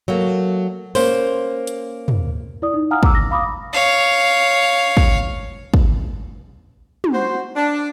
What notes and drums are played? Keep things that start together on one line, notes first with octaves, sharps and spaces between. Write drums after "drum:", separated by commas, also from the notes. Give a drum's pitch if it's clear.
F#3 A3 A#3
A#3 C#4 C5, drum: open hi-hat
drum: hi-hat
drum: tom
E4 D5 D#6
D#4
F5 F#5 G#5 A#5 D#6 F6
A#5 D6 E6, drum: kick
A#6
F5 B5 D6 D#6
C#5 F5
drum: kick
drum: kick
drum: tom
F#4 C5
D4